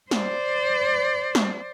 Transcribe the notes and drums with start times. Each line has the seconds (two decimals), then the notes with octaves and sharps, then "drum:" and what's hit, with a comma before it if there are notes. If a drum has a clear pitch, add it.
0.11 C5 D5, drum: snare
1.35 drum: snare